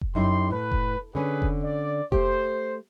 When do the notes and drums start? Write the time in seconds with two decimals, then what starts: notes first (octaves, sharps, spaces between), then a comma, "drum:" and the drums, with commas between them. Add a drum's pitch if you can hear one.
0.01 drum: kick F1
0.15 F#2 D#4 E4 G4 C6
0.51 A2 B4
0.72 drum: kick F1
1.15 D3 C#4 G#4 B4
1.42 drum: kick F1
1.63 D5
2.12 A3 G4 C5, drum: kick F1